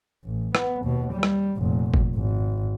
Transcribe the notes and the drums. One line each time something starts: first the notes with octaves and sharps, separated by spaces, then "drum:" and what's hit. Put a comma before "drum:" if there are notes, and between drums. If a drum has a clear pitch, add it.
A1
B3, drum: rim click
D#2 B2
G3
drum: rim click
F1 A#2
drum: kick
G#1